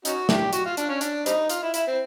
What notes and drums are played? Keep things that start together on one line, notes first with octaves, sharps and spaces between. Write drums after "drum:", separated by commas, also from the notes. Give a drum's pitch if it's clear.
C#4 D#4 F#4, drum: hi-hat
D4 E4 G4, drum: snare
F#4, drum: hi-hat
F4
D4, drum: hi-hat
C#4
D4, drum: hi-hat
G3 C4 D#4, drum: hi-hat
F4, drum: hi-hat
E4
E4, drum: hi-hat
C4